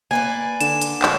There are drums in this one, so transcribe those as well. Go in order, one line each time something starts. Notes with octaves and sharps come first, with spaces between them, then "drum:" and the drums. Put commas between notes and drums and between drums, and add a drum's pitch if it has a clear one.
A#3 B4 D5 G#5
D3 E7, drum: hi-hat
drum: hi-hat
drum: clap